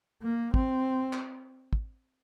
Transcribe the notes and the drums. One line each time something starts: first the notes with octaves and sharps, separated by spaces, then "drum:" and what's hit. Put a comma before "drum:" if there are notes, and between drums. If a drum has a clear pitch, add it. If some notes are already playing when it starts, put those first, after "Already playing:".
A#3
C4, drum: kick
drum: clap
drum: kick